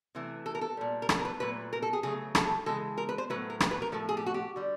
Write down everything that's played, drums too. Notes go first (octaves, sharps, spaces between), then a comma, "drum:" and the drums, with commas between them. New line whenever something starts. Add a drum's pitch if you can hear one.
C3 E3 A3
A4
A#4
A4
A#2 G3
A#4
A4, drum: rim click
A#4
B4
A#2 F#3 A3 B4
A#4
A4
G#4
C#3 F#3 A3 G#4
A4, drum: rim click
C#3 E3 G#3 A4
A#4
B4
C5
A2 F#3 A3 B4
A#4
B4, drum: rim click
B4
A#4
A2 F3 A3 A4
G#4
G4
F#4
G4
D3 G3